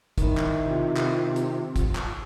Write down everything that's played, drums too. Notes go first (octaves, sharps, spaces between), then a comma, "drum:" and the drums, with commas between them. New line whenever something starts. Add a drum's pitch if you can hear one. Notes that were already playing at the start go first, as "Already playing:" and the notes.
D#3 E4, drum: kick, hi-hat
drum: clap
C3 F4
drum: clap
drum: hi-hat
drum: kick, hi-hat
drum: clap